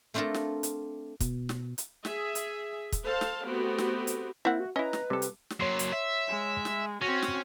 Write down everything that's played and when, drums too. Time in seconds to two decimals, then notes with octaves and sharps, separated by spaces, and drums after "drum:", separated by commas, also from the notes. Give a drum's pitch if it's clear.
0.14 A3 C4 D4 F4 A4 A#4
0.34 drum: snare
0.63 drum: hi-hat
1.20 B2, drum: kick, hi-hat
1.49 drum: snare
1.78 drum: hi-hat
2.05 G#4 E5, drum: snare
2.35 drum: hi-hat
2.92 drum: kick, hi-hat
3.03 A4 C5 F5 A5
3.21 drum: snare
3.45 A3 B3 C4 F#4 G4
3.78 drum: snare
4.07 drum: hi-hat
4.45 A#3 C4 E4 E5 F#5
4.60 F#4
4.76 C#4 E4 B4 D#5 A#5
4.93 drum: snare
5.10 C3 G3 A4
5.22 drum: hi-hat
5.50 drum: snare
5.60 F#3 A#3 C#5 C6 C7
5.79 drum: hi-hat
5.93 E5
6.28 G#3
6.65 drum: snare
7.02 C4 C#4 F#4 C#6 A#6
7.22 drum: snare